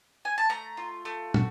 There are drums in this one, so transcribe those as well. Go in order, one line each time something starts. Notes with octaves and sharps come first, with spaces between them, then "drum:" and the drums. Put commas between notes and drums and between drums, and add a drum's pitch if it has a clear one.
G#5
A5
A3 A#5
F4
A3
F#4, drum: tom